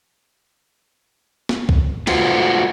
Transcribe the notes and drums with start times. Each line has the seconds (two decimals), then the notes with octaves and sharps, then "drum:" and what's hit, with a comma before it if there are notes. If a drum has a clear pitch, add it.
1.49 drum: snare
1.69 drum: kick C2
2.07 A3 F4 F#4 B4 C5, drum: cymbal